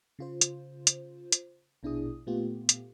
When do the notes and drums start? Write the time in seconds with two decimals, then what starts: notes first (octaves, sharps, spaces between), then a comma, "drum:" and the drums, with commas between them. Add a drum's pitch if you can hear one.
0.19 C#3 F4 C5
0.41 drum: hi-hat
0.87 drum: hi-hat
1.32 drum: hi-hat
1.83 A#1 B2 D4 E4 G#4 D#6
2.27 A#2 A3 B3 F4 G4
2.69 drum: hi-hat